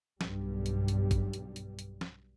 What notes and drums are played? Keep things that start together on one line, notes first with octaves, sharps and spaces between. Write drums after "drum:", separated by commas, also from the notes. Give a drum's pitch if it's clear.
B1 G2 G3, drum: snare
drum: hi-hat
drum: hi-hat
drum: kick, hi-hat
drum: hi-hat
drum: hi-hat
drum: hi-hat
drum: snare